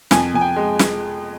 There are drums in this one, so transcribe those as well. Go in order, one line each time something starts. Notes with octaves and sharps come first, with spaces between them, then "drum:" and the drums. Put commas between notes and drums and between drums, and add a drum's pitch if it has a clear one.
F2 G#5, drum: snare
F2 G#5
G5
G#3
drum: snare